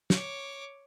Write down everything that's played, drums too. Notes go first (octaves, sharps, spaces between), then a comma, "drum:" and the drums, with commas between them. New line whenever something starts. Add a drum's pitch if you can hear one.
C#5 D6, drum: snare